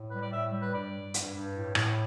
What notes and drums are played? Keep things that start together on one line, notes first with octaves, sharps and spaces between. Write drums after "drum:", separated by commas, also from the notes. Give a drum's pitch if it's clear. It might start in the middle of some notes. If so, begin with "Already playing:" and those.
Already playing: A2
G3 B4
D5
A2 E5
G3
B4
G2 D5
G3
G2, drum: hi-hat
G2
A2
A2, drum: rim click